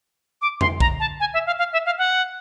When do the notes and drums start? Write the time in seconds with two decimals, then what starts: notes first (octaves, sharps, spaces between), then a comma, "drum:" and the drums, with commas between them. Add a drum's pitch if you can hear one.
0.42 D6
0.61 C6, drum: tom F2
0.80 A#5, drum: kick
1.00 A5
1.20 G#5
1.34 E5
1.46 F5
1.59 F5
1.73 E5
1.86 F5
1.98 F#5